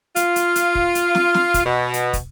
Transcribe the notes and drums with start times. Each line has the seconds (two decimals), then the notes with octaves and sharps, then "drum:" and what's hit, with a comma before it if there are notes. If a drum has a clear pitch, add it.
0.16 F4, drum: hi-hat
0.36 drum: hi-hat
0.56 drum: hi-hat
0.75 drum: kick
0.95 drum: hi-hat
1.15 drum: snare
1.34 drum: snare
1.54 drum: kick, hi-hat
1.66 B2
1.94 drum: hi-hat
2.13 drum: kick, hi-hat